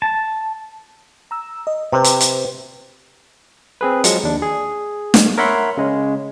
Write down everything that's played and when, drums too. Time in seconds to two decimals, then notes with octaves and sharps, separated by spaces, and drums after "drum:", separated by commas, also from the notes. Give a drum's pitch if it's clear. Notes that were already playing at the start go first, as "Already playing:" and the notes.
0.02 A5
1.31 A#5 E6
1.67 D#5
1.92 C3 B4 C5
2.04 drum: hi-hat
2.21 drum: hi-hat
3.81 C4 G#4 B4
4.04 F3 F#3 G#3 C#7, drum: hi-hat
4.23 D#2 D4
4.42 G#4
5.14 drum: snare
5.38 A#4 C#5 E5 F#5 B5 C6
5.77 C#3 G#3 C#4